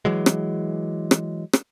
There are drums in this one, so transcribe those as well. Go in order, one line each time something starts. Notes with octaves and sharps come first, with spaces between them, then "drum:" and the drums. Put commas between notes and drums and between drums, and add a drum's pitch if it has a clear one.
E3 F#3 G#3
drum: rim click
drum: rim click
drum: rim click